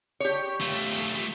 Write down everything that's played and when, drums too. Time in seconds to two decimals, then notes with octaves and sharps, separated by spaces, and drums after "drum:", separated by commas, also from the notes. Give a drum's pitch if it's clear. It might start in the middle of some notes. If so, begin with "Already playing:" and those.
0.20 G4 C#5
0.61 A3 F4, drum: hi-hat
0.91 drum: hi-hat